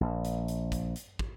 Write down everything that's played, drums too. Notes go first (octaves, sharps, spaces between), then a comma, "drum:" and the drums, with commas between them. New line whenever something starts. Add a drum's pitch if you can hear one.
A#1
drum: hi-hat
drum: hi-hat
drum: kick, hi-hat
drum: hi-hat
drum: kick